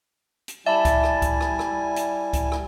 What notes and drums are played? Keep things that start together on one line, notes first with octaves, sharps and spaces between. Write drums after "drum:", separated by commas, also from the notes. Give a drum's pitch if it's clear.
drum: hi-hat
G3 E4 D5 E5 G#5 A5 B5
drum: kick C#2, hi-hat
drum: rim click
drum: kick C#2, hi-hat
drum: rim click
drum: rim click
drum: hi-hat
drum: kick C#2, hi-hat
drum: rim click